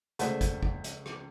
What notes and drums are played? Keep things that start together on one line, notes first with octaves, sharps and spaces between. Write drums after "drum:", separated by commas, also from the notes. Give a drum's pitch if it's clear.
C#2 A3 G#4 A4 C5 D5 F#5, drum: hi-hat
drum: kick, hi-hat
drum: kick
drum: hi-hat
drum: rim click